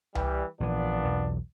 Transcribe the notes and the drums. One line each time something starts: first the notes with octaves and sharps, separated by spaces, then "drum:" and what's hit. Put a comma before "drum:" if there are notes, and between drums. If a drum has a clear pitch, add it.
E3 G3, drum: tom C2
A#1 A#2 E3 B3 D4
B1 E2 B2